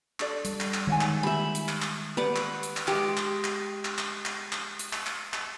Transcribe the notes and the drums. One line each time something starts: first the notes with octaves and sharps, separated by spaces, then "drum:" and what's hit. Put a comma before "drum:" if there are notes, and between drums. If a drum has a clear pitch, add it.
D4 A4 D5, drum: clap
G3, drum: hi-hat
drum: clap
drum: clap
D#3 G#3 C#5 F#5 G#5
drum: clap
G4 E5 B5
drum: hi-hat
drum: clap
drum: clap
G4 B4 D5 F#5
drum: clap
drum: hi-hat
drum: clap
G#3 G4, drum: clap
drum: clap
drum: clap
drum: clap
drum: clap
drum: clap
drum: clap
drum: hi-hat
drum: clap
drum: clap
drum: clap